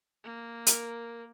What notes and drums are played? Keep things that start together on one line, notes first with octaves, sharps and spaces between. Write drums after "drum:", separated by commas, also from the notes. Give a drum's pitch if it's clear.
A#3
A#4, drum: hi-hat